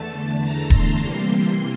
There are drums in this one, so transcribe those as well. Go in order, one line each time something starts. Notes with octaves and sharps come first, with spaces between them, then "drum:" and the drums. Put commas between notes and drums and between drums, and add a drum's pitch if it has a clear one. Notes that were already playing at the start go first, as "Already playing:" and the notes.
Already playing: E2 D3 A3 A5
A#5
C6, drum: kick D#1
C3 E3 G3 A#3